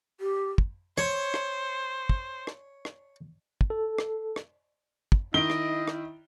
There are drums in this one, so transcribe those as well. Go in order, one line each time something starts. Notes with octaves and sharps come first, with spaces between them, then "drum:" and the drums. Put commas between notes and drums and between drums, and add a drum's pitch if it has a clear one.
G4
drum: kick
C5 C#5, drum: rim click
drum: rim click
drum: kick
drum: rim click
drum: rim click
drum: kick
A4
drum: rim click
drum: rim click
drum: kick
D#3 E4 D#5 D7 G7
drum: rim click
drum: rim click